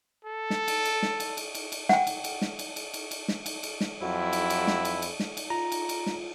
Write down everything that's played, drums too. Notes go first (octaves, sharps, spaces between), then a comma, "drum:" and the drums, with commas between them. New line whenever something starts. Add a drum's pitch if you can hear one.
A4
drum: snare
drum: cymbal
drum: cymbal
drum: snare
drum: cymbal
drum: cymbal
drum: cymbal
drum: cymbal
F#5 G5, drum: snare
drum: cymbal
drum: cymbal
drum: snare
drum: cymbal
drum: cymbal
drum: cymbal
drum: cymbal
drum: snare
drum: cymbal
drum: cymbal
drum: snare
F2 F#3 E4
drum: cymbal
drum: cymbal
drum: snare
drum: cymbal
drum: cymbal
drum: snare
drum: cymbal
F4 A#5
drum: cymbal
drum: cymbal
drum: snare